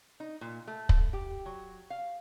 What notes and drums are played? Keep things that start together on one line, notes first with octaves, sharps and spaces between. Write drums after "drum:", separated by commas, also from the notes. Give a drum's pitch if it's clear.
D#4
A#2
A3
drum: kick
G4
F#3
F5